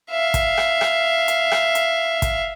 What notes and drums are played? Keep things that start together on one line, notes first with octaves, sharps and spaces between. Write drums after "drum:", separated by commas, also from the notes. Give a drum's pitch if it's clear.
E5 F5
drum: kick, hi-hat
drum: rim click
drum: rim click
drum: hi-hat
drum: rim click
drum: hi-hat
drum: kick, hi-hat